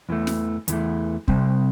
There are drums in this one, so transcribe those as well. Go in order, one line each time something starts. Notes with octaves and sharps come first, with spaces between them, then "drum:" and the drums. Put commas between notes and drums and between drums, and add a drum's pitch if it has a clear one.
E2 E3 A3
drum: snare
E2 E3 A3, drum: hi-hat
C3 G3 C4, drum: kick